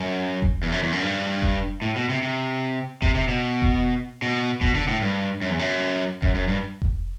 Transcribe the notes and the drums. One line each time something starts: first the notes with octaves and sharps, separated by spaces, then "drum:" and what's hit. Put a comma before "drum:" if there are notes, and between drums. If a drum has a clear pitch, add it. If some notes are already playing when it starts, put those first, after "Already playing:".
Already playing: F#2
drum: kick F1
E2
F#2
E2
F#2
G2
drum: kick F1
A2
B2
C3
C3
C3, drum: kick F1
C3
B2
drum: kick F1
B2
B2, drum: kick F1
D3
A2
G2
F#2
E2
F#2
F#2, drum: kick F1
F#2
G2
drum: kick F1